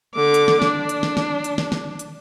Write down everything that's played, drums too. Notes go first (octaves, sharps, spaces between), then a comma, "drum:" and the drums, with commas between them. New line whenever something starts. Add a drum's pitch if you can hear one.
D3 D6
drum: hi-hat
drum: snare
D4, drum: snare
drum: hi-hat
drum: snare
drum: snare
drum: hi-hat
drum: snare
drum: snare
drum: hi-hat